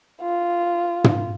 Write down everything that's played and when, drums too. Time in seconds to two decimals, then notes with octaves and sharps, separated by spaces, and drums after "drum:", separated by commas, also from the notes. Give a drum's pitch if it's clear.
0.22 F4
1.04 drum: tom